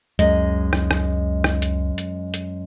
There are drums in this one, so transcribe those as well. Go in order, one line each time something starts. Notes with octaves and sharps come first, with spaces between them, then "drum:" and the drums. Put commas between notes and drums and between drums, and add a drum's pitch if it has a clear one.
C#2 F#2 G#3 D#5, drum: hi-hat
drum: rim click
drum: rim click
drum: rim click
drum: hi-hat
drum: hi-hat
drum: hi-hat